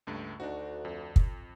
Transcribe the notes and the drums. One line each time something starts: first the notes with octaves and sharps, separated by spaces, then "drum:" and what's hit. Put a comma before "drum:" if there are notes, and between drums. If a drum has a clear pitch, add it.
C#2 G2 A3
D2 D4 D#4 F#4
F2
drum: kick